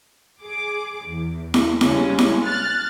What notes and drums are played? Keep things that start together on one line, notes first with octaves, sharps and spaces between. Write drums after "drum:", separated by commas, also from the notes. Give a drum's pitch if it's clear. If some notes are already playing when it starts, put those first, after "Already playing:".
G#4 D6
E2
drum: snare E4
C#3 G3 G#3 C#4, drum: snare E4
drum: snare E4
F6 F#6 A6